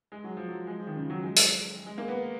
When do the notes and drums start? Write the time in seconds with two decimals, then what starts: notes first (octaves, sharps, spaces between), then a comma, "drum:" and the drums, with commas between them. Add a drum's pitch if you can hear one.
0.12 G#3
0.24 F#3
0.37 F3
0.48 F#3
0.67 G#3
0.79 F3
0.87 D#3
0.96 C#3
1.10 F#3
1.23 G#3
1.36 drum: hi-hat
1.86 G#3
1.98 A#3
2.08 B3